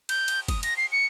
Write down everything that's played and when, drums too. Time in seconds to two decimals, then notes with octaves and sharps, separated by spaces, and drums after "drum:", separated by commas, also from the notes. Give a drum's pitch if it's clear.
0.09 G6, drum: cymbal
0.28 drum: cymbal
0.48 D#6, drum: kick F#1, cymbal
0.63 A#6, drum: cymbal
0.77 C7
0.92 C#7